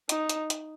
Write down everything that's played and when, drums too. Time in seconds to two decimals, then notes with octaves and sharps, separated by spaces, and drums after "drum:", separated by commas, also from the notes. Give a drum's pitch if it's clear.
0.09 D#4, drum: hi-hat
0.29 drum: hi-hat
0.50 drum: hi-hat